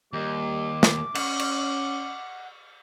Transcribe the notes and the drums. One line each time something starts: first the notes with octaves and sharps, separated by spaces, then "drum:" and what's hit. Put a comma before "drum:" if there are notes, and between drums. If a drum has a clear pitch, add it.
D#2 G3 D6
drum: snare
C#4 F#5, drum: cymbal
drum: cymbal